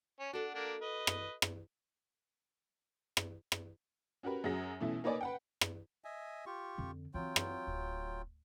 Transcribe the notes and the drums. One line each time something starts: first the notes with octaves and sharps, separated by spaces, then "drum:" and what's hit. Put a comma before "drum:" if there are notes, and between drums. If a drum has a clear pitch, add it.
C#4
D4 F#4 A4
A#3 D4
B4 D#5
drum: rim click
drum: rim click
drum: rim click
drum: rim click
C#4 F#4 G4 A#4 B4
F#2 C#4 F#4 G#4 A#6
B2 E3 A3 C#4 E4
A#3 D#4 B4 C#5 D5 G#5
B4 F#5 G5
drum: rim click
D#5 E5 G#5
F4 G4 C#6
F2 D3
E3 F#3 C4 F4 G5
drum: rim click
D1